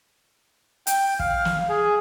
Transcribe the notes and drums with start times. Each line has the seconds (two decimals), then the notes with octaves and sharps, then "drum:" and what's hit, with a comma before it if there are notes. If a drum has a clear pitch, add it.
0.87 G5, drum: hi-hat
1.20 F5, drum: kick
1.45 drum: snare
1.69 G#4